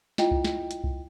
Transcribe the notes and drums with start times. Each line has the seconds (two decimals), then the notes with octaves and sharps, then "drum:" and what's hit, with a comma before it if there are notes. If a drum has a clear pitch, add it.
0.18 E4 F4 D#5 G5, drum: snare
0.31 drum: kick C2
0.44 drum: snare
0.71 drum: hi-hat
0.84 drum: kick C2